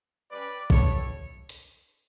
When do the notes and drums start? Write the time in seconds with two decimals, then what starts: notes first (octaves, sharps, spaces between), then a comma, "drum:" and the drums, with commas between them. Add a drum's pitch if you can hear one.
0.30 G3 C#4 G4 B4 D5
0.70 B3 E4 G4 A4 C#5, drum: kick A#1
1.49 drum: hi-hat